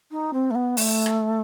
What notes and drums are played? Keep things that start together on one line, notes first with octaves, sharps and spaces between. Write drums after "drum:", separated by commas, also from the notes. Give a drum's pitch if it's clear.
D#4
C4
A3
B3
A3, drum: open hi-hat
drum: rim click